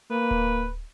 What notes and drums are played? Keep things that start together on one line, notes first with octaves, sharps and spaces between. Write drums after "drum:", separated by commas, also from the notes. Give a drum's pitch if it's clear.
A#3 B4
drum: kick D1